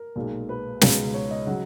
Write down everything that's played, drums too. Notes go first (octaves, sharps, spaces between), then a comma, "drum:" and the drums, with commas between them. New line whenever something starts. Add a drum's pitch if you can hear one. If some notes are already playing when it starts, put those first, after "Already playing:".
Already playing: A#4
B1 A#2 G#3
B4
C#2 B2 G#3, drum: snare
C#5
D#5
C#3 F#3 F#5